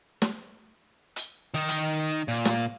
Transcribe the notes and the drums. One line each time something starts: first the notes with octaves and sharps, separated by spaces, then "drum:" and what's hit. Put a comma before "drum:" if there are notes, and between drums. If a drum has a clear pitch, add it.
drum: snare
drum: hi-hat
D#3 D#4
drum: hi-hat
A#2
drum: snare